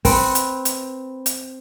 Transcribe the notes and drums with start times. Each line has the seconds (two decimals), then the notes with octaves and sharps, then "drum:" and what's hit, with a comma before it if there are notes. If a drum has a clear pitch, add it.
0.05 C4 B4, drum: kick, open hi-hat
0.35 drum: hi-hat
0.65 drum: hi-hat
1.26 drum: hi-hat